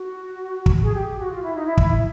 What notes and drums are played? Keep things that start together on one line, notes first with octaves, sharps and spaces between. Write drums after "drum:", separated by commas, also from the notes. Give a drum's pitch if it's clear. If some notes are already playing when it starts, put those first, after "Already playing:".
Already playing: F#4
drum: kick
G#4
G4
G4
F#4
F4
E4
D#4
E4
E4, drum: kick
E4